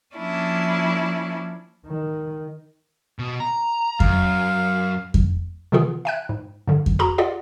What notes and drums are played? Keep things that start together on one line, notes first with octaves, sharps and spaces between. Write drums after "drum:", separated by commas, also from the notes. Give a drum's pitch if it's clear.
F3 A#3 C#4 D4 E4
D#3
B2
A#5
F#2 F5, drum: kick F2
drum: kick F2
C3 D#3 E3 B3 F4 G#4
E5 G5 F#6
G#2
G2 D3
drum: kick F2
F#4 G#4 A#5
F4 G4 G#4 D5 D#5 F#5